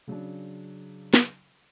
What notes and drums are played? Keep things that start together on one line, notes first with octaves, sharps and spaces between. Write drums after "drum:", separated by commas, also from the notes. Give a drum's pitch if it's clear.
C#3 F#3 C#4 D4
drum: snare